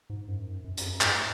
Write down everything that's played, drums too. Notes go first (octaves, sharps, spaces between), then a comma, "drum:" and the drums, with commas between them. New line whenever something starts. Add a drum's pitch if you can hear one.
G#2
F#2
F#2
drum: hi-hat
G#2, drum: clap